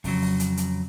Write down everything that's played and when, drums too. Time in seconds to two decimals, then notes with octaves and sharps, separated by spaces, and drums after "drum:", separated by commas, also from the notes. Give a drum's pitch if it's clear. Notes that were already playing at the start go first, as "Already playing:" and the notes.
0.04 F2 C#3 F#3, drum: kick, open hi-hat
0.22 drum: open hi-hat
0.40 drum: hi-hat
0.57 drum: hi-hat